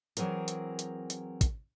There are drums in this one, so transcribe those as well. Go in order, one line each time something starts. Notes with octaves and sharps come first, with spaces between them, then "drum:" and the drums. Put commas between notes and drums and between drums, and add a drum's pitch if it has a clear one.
E3 F#3 C4 G#4 A#4, drum: hi-hat
drum: hi-hat
drum: hi-hat
drum: hi-hat
drum: kick, hi-hat